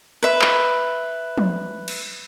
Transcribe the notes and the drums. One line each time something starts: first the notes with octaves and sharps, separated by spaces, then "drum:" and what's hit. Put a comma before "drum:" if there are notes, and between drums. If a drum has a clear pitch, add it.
B4 E5
drum: clap
drum: tom
drum: cymbal